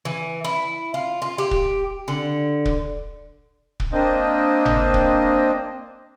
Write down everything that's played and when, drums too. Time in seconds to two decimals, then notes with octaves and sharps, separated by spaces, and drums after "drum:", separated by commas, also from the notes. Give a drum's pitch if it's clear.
0.05 E3
0.44 E4
0.94 F4
1.22 F4
1.38 G4
1.51 drum: kick
2.08 D3
2.65 drum: kick
3.80 drum: kick
3.93 A#3 C4 D4 C5 D#5
4.65 drum: tom G1
4.94 drum: kick